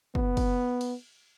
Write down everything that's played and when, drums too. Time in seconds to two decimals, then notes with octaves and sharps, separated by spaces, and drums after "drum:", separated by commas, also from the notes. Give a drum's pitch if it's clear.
0.15 B3, drum: kick
0.37 drum: kick, cymbal
0.81 drum: cymbal